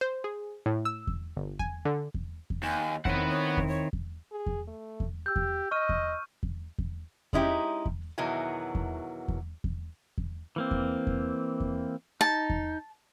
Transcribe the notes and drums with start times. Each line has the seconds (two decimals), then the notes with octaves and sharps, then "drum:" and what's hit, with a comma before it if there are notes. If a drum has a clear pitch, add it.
0.01 C5
0.24 G#4
0.66 A2
0.85 E6
1.07 drum: kick E2
1.37 G1
1.59 G#5, drum: kick E2
1.85 D3
2.14 drum: kick E2
2.50 drum: kick E2
2.63 D#2 G#5
3.05 D#3 C4 E4 B4 C#5 F#5, drum: kick E2
3.29 C#5
3.57 drum: kick E2
3.68 C#5
3.93 drum: kick E2
4.31 G#4
4.46 drum: kick E2
4.67 A3
5.00 drum: kick E2
5.26 G4 E6 G6
5.36 drum: kick E2
5.71 D#5 C#6 F6 D#7
5.89 drum: kick E2
6.43 drum: kick E2
6.78 drum: kick E2
7.33 G#3 C#4 D#4 E4 F#4 G4, drum: kick E2
7.86 drum: kick E2
8.18 E2 B2 D#3 E3 F#3 G#5
8.75 drum: kick E2
9.28 drum: kick E2
9.64 drum: kick E2
10.18 drum: kick E2
10.56 E3 A#3 C4
10.71 drum: kick E2
11.07 drum: kick E2
11.60 drum: kick E2
12.21 D#4 A5
12.50 drum: kick E2